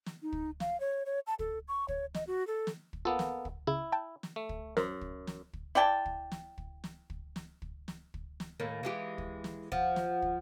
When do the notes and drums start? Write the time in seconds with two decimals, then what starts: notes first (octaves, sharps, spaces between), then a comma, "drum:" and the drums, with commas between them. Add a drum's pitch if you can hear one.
0.06 drum: snare
0.23 D#4
0.32 drum: kick
0.60 F5, drum: snare
0.80 C#5
1.06 C#5
1.27 A5
1.39 A4, drum: kick
1.68 C#6
1.88 C#5, drum: kick
2.15 D#5, drum: snare
2.27 F#4
2.47 A4
2.67 drum: snare
2.93 drum: kick
3.05 A#3 B3 F4 A4
3.19 drum: snare
3.45 drum: kick
3.67 C#3 E4
3.92 G5 A5
4.23 drum: snare
4.36 A3
4.49 drum: kick
4.77 F#2 A#4 C5, drum: snare
5.01 drum: kick
5.27 drum: snare
5.53 drum: kick
5.75 E4 D5 G5 A5
6.06 drum: kick
6.32 drum: snare
6.58 drum: kick
6.84 drum: snare
7.10 drum: kick
7.36 drum: snare
7.62 drum: kick
7.88 drum: snare
8.14 drum: kick
8.40 drum: snare
8.60 D#2 A2 A#3
8.83 E3 G#3 G4
9.18 drum: kick
9.44 drum: snare
9.72 F3 F#5, drum: kick
9.96 drum: snare
10.22 drum: kick